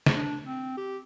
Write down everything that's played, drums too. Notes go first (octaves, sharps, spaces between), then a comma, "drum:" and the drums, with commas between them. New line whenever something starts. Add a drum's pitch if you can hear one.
drum: snare
D4
C4
G4